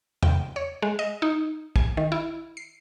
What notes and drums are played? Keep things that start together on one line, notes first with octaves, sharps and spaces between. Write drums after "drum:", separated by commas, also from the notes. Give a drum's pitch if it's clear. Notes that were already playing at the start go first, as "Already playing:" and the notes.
G5, drum: tom E2
C#5
G#3
D#5
D#4
G#5, drum: kick
D#3
E4
C7